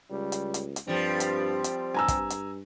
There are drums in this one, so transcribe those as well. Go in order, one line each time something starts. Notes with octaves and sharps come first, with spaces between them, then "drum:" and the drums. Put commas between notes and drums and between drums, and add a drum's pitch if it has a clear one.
C#2 G3
drum: hi-hat
drum: hi-hat
drum: hi-hat
G2 F3 G3 C4
drum: hi-hat
drum: hi-hat
G2 G#5 A#5 E6
drum: kick, hi-hat
drum: hi-hat